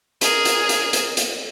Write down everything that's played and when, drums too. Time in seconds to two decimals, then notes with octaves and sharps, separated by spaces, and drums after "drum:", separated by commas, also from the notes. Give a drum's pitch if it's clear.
0.21 G#4 A#4, drum: hi-hat
0.45 drum: hi-hat
0.69 drum: hi-hat
0.93 drum: hi-hat
1.17 drum: hi-hat